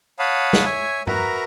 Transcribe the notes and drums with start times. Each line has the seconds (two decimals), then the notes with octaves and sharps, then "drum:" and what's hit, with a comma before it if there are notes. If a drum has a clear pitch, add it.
0.19 C#5 F5 F#5 A5 B5 D#6
0.53 drum: snare
0.65 C#5 E5 G#5
1.07 F#4 A#4 B4 E5 A#5, drum: tom G2